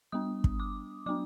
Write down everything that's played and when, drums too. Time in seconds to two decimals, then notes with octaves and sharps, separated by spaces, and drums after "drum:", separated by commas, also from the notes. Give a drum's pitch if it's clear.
0.12 G3 B3 D4 D#6
0.44 drum: kick
0.60 D6
1.06 F#3 B3 D4 D6